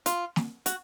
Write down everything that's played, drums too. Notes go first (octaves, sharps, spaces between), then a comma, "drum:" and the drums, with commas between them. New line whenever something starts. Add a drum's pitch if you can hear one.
F4, drum: hi-hat
drum: snare
F#4, drum: hi-hat